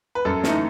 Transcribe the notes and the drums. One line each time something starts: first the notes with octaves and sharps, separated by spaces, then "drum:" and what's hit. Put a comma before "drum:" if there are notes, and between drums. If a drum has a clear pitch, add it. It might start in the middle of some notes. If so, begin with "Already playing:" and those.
B4
F#2 A4
E3 A3 D#4, drum: snare